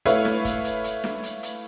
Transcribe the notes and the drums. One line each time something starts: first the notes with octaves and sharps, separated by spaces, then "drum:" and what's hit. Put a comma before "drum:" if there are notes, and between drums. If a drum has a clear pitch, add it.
A3 E4 B4 C#5 E5 F5, drum: hi-hat
drum: snare
drum: kick, hi-hat
drum: hi-hat
drum: hi-hat
drum: snare
drum: hi-hat
drum: hi-hat